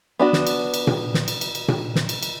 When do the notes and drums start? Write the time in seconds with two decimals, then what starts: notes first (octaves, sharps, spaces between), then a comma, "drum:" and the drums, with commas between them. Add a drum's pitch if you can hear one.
0.19 B3 D4 F#4
0.33 drum: snare
0.47 drum: cymbal
0.74 drum: cymbal
0.87 drum: tom A#2
1.14 drum: snare
1.28 drum: cymbal
1.41 drum: cymbal
1.55 drum: cymbal
1.68 drum: tom A#2
1.95 drum: snare
2.09 drum: cymbal
2.23 drum: cymbal